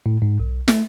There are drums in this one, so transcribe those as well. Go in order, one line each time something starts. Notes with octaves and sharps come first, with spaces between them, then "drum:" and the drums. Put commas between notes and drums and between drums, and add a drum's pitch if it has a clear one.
A2
G#2
B1
A3, drum: snare